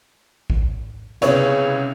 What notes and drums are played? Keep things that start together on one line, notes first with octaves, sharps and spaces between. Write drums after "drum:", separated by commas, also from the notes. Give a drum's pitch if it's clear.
drum: kick A1
C2 C#3 B3 C#5, drum: hi-hat